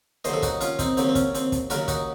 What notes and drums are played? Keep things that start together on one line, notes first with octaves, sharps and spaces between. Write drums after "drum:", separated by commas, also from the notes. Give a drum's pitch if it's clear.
D#2 C#3 F#3 C5 D#5, drum: hi-hat
A4
D#4 F#4, drum: kick, hi-hat
C#4 F4, drum: hi-hat
C4 D#4, drum: kick, hi-hat
D#2 C#3 F#3 C4, drum: hi-hat
C4
C#4, drum: kick, hi-hat
C4, drum: hi-hat
drum: kick, hi-hat
D#2 C#3 F#3 F#4 A#4, drum: hi-hat
D#4 F#4, drum: kick, hi-hat